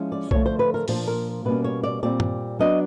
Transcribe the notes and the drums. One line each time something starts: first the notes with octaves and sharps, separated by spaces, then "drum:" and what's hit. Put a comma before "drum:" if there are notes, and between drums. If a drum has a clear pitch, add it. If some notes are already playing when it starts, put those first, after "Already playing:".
Already playing: F3 G#3 C#4 E4
D5
D3 F3 A3 C#5, drum: kick B1
C5
B4
A#4
A#2 F3 A#3 D4 C5, drum: open hi-hat
A#4
B2 G3 A#3 C#4 B4
C#5
D5
A#2 G3 C4 D5
drum: tom G2
F#3 B3 D4 D#5